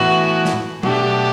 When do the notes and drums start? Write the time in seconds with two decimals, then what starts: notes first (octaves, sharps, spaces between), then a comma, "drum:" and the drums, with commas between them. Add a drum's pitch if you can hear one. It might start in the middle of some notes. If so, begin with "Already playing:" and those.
Already playing: A2 E3 B3 F#4
0.45 drum: snare
0.83 B2 A3 D4 G4, drum: tom F#3